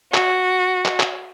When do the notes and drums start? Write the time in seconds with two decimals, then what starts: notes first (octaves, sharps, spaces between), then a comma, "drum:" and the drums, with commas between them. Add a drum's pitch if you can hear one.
0.14 F#4, drum: clap
0.85 drum: clap
1.00 drum: clap